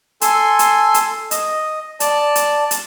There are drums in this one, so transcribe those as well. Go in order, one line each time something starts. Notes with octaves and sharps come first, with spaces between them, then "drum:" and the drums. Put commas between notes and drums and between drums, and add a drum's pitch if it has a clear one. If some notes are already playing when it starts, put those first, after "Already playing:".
A4 G#5 C6, drum: hi-hat
drum: hi-hat
drum: hi-hat
D#5, drum: hi-hat
D5 A5, drum: hi-hat
drum: hi-hat
drum: hi-hat